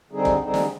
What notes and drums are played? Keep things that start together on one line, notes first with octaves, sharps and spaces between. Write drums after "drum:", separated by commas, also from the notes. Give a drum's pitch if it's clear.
D3 G3 C4 D#4 G#4
drum: kick
D3 G3 C4 D#4 G#4
drum: snare